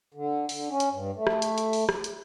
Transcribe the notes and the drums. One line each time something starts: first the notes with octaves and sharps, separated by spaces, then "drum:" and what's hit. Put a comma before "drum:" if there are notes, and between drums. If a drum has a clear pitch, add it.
D3
D3, drum: open hi-hat
C#4
drum: hi-hat
G2
A3
drum: rim click
drum: hi-hat
drum: hi-hat
drum: open hi-hat
drum: rim click
drum: hi-hat